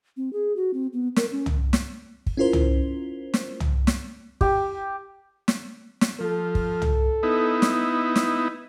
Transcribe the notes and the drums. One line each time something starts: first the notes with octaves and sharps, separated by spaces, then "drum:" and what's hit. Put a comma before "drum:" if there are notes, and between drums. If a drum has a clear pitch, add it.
C4
G#4
F#4
C4
B3
A#4, drum: snare
C#4
drum: tom
drum: snare
drum: kick
C#4 E4 F4 A#4 C5
drum: tom
drum: snare
drum: tom
drum: snare
G4, drum: kick
drum: snare
drum: snare
F3 A4
drum: kick
drum: tom
B3 D#4 E4
drum: snare
drum: snare